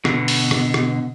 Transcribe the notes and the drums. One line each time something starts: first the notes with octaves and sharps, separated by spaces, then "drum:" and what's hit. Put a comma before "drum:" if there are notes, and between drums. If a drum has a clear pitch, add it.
B2 D3, drum: rim click
drum: open hi-hat
drum: rim click
drum: rim click